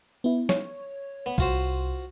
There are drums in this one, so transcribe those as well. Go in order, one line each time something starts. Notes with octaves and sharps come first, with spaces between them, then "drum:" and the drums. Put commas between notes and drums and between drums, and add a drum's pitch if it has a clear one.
B3 E4
C#5, drum: snare
B3
C2 F4 F#4 C5, drum: kick